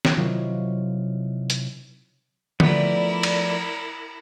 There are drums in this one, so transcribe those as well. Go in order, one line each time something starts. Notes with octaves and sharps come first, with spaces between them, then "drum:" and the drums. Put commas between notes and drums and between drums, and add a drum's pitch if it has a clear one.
drum: snare
C3 D#3 F#3 E4 F4
drum: hi-hat
F3 A3 B3 E4 A#4 D5, drum: tom D3
drum: cymbal